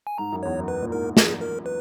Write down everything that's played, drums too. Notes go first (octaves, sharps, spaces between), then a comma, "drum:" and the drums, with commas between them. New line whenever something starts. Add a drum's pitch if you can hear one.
G#5
G#2 A#5
F#2
E2 C#5
F#2
B4
A#2
G#2 A#4
G#4, drum: snare
A#4
B4